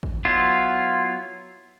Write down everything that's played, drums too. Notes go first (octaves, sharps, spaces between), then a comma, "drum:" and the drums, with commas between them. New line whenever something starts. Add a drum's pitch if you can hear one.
drum: kick
F#3 B3 E4 F4